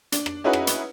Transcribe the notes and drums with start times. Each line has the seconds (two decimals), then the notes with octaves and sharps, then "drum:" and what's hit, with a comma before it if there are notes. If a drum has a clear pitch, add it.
0.12 D4, drum: hi-hat
0.26 drum: rim click
0.44 C#4 D#4 E4 F#4 G#4 B4
0.53 drum: rim click
0.67 drum: hi-hat